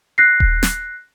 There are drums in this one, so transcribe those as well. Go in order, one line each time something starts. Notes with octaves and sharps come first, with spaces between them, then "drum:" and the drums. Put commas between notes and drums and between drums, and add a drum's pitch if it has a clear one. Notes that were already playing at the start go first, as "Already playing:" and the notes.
F#6 A#6 C7
drum: kick D#1
drum: snare